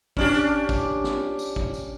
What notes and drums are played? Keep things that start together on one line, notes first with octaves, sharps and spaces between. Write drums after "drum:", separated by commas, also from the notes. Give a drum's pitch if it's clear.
C#4 D4 G4, drum: kick
drum: tambourine
drum: kick, tambourine
drum: snare
drum: tambourine
drum: kick
drum: tambourine